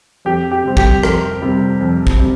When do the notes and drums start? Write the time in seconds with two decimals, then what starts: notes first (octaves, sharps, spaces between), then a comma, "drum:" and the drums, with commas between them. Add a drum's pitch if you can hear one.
0.25 F2 G4
0.51 G4
0.64 C3 G3 C4
0.77 G4, drum: kick
1.03 F2 A#4, drum: rim click
1.42 C3 G3 C4
1.81 F2
2.07 drum: kick
2.19 C3